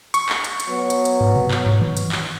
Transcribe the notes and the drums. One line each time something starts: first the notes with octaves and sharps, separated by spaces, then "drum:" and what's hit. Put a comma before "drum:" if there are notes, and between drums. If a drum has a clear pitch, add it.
C#6, drum: hi-hat
drum: clap
drum: hi-hat
drum: hi-hat
F#3 B3
drum: hi-hat
drum: hi-hat
drum: tom
drum: tom B2
drum: clap
drum: tom
drum: tom
drum: hi-hat
drum: clap